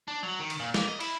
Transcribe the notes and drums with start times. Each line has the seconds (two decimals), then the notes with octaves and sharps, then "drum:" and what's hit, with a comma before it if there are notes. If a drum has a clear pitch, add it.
0.08 D4
0.23 F#3
0.39 D#3
0.50 drum: cymbal
0.60 A#2
0.74 A#3, drum: snare
0.88 D#5
1.00 E4, drum: cymbal